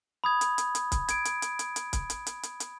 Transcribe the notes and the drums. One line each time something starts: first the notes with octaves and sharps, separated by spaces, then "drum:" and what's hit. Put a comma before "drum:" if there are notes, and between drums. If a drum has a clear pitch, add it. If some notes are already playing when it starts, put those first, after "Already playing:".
B5 D#6 G#6
drum: hi-hat
drum: hi-hat
drum: hi-hat
drum: kick, hi-hat
G#6 D7, drum: hi-hat
drum: hi-hat
drum: hi-hat
drum: hi-hat
drum: hi-hat
drum: kick, hi-hat
drum: hi-hat
drum: hi-hat
drum: hi-hat
drum: hi-hat